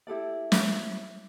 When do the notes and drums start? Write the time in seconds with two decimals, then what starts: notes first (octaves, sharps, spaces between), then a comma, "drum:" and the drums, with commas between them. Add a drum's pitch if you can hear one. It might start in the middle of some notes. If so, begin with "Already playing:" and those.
0.07 E4 G4 A4 D5
0.52 drum: snare